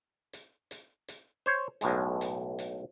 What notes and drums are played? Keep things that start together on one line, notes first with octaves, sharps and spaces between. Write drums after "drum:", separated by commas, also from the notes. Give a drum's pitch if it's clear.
drum: hi-hat
drum: hi-hat
drum: hi-hat
C5 C#5
B1 A2 G#3, drum: hi-hat
drum: hi-hat
drum: hi-hat